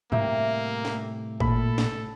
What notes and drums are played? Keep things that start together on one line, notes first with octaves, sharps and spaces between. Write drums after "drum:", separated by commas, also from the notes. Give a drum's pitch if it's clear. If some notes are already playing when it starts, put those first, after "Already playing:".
A2 C3 G3 A#3 E5 G5, drum: tom
drum: snare
A#2 A4 B5, drum: kick G#1
drum: snare